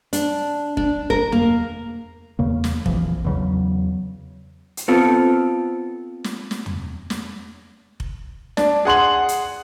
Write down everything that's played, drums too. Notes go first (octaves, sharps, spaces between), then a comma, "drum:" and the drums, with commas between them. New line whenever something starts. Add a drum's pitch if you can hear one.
D4, drum: hi-hat
D4, drum: kick F1
A#4, drum: kick F1
A#3, drum: tom E2
E2 C#3 A#3
drum: snare
A#1 F2 E3 F3, drum: kick F1
E2 C#3 F#3
drum: hi-hat
B3 C4 F4 A4
drum: snare
drum: snare
drum: tom E2
drum: snare
drum: kick F1
D4, drum: snare
G#4 F#5 C6 F#7
drum: hi-hat